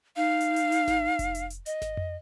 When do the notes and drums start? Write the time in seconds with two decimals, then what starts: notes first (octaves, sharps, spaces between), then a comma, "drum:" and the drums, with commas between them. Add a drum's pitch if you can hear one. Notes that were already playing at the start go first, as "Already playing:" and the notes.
0.16 D#4 F5
0.41 drum: hi-hat
0.56 drum: hi-hat
0.72 drum: hi-hat
0.88 drum: snare G#1
1.19 drum: kick F1, hi-hat
1.35 drum: hi-hat
1.50 drum: hi-hat
1.66 D#5, drum: hi-hat
1.82 drum: snare G#1
1.97 drum: tom F2